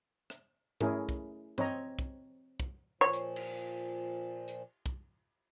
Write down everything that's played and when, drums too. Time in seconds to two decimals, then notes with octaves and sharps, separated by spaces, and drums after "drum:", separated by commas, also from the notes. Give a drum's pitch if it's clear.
0.30 drum: rim click
0.81 A3 C#4 E4 G#4 A#4, drum: tom G#2
1.09 drum: kick
1.58 C4 C#5 D#5 A#5, drum: tom G2
1.99 drum: kick
2.60 drum: kick
3.01 A#2 F3 C#5
3.13 drum: hi-hat
3.36 drum: cymbal
4.48 drum: hi-hat
4.86 drum: kick